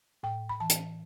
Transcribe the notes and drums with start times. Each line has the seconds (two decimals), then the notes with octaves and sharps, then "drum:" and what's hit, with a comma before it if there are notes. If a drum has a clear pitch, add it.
0.23 A2 G5
0.49 B5
0.60 E3 A5
0.70 drum: hi-hat